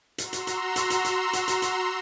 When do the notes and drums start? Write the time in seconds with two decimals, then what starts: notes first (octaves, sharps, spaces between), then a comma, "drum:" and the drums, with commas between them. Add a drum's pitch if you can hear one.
0.18 F#4 A#5 C6 E6, drum: hi-hat
0.33 drum: hi-hat
0.47 drum: hi-hat
0.76 drum: hi-hat
0.90 drum: hi-hat
1.05 drum: hi-hat
1.33 drum: hi-hat
1.48 drum: hi-hat
1.62 drum: hi-hat